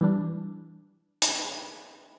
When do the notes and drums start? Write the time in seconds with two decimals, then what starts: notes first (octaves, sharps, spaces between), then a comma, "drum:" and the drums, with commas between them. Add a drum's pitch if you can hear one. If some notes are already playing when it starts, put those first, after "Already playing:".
0.01 E3 G3 D4
1.22 drum: hi-hat